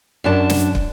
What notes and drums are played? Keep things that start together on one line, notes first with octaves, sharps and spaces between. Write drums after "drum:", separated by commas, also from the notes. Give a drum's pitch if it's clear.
F#2 D4 A5
drum: snare
drum: kick